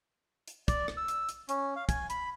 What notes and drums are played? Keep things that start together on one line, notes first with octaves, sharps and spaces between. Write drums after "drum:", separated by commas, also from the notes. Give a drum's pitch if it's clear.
drum: hi-hat
D5, drum: kick, hi-hat
drum: rim click
E6
drum: hi-hat
drum: hi-hat
C#4, drum: hi-hat
F5
G#5, drum: kick, hi-hat
B5, drum: hi-hat